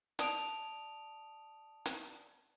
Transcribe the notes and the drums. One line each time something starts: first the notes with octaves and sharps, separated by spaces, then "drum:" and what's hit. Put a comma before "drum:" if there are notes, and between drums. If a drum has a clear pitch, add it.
D5 A5 D#6 D7 F7, drum: hi-hat
drum: hi-hat